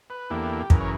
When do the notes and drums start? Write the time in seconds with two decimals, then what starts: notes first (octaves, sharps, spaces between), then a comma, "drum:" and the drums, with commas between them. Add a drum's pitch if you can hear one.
0.10 B4
0.30 E2 D3 A#3 E4 G4
0.70 F#2 C#3 E3 A#4, drum: kick
0.80 C#5